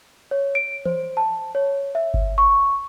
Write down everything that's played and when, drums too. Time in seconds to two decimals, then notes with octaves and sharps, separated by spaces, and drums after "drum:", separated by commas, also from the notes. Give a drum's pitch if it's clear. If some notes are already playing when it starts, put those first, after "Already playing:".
0.31 C#5
0.55 D7
0.85 C5, drum: tom E3
1.17 A5
1.55 C#5
1.95 E5
2.14 drum: kick G1
2.38 C#6